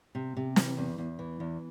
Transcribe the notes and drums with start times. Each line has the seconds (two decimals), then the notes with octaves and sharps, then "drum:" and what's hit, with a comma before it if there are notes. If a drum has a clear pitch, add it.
0.15 C3
0.37 C3
0.56 E3, drum: snare
0.77 E2
0.98 E2
1.19 E3
1.40 E2